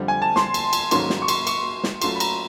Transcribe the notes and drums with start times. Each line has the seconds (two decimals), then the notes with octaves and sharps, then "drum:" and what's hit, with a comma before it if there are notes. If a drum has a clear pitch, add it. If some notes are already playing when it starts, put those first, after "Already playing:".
Already playing: F2 D3 G3 C4
0.08 G#5
0.22 A5
0.36 C6, drum: snare
0.54 drum: cymbal
0.73 drum: cymbal
0.91 G#2 D#3 F#3 A#3 C#4 C6, drum: cymbal
1.10 drum: snare
1.22 C#6
1.28 C6, drum: cymbal
1.47 C#6, drum: cymbal
1.84 drum: snare
2.02 F#3 A3 C#4 F4 C6, drum: cymbal
2.16 B5
2.20 A#5, drum: cymbal